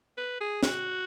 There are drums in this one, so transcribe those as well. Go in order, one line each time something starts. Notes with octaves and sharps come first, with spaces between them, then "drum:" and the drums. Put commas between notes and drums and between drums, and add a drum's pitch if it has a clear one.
B4
G#4
F#4, drum: snare